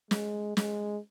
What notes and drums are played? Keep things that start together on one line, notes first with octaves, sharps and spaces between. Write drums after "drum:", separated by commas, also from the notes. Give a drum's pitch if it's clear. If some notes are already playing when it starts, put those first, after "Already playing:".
G#3, drum: snare
G#3, drum: snare